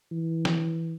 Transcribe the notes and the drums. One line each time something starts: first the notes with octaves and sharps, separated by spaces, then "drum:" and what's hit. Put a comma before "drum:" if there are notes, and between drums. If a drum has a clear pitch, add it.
E3
drum: snare